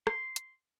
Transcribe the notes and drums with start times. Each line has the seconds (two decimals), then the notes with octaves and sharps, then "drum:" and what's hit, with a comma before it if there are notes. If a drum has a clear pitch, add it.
0.07 C6, drum: rim click
0.36 drum: hi-hat